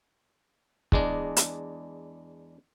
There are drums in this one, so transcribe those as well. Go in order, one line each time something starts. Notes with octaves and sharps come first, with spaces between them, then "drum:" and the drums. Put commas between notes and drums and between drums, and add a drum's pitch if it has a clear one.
E2 G#3 D4, drum: kick
drum: hi-hat